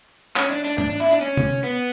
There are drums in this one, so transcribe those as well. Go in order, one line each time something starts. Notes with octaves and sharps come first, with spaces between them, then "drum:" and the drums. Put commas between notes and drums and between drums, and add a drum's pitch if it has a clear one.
C#4, drum: clap
D4
D4, drum: hi-hat
D4, drum: tom
D4
E4
D4
C#4
drum: tom C3
B3